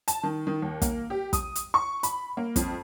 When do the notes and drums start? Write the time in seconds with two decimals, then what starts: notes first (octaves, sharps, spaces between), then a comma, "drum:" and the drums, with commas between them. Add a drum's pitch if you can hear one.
0.08 A5, drum: hi-hat
0.23 D#3
0.47 D#3
0.62 D#2
0.82 A#3, drum: kick, hi-hat
1.10 G4
1.33 D#6, drum: kick, hi-hat
1.55 drum: hi-hat
1.74 C#6
2.03 B5, drum: hi-hat
2.37 A#3
2.56 F2, drum: kick, hi-hat